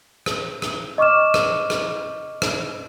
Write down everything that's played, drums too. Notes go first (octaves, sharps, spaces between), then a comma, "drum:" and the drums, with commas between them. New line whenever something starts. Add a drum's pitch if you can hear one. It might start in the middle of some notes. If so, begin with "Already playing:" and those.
drum: rim click
drum: rim click
D#5 C#6 D6 F6 E7
drum: rim click
drum: rim click
drum: rim click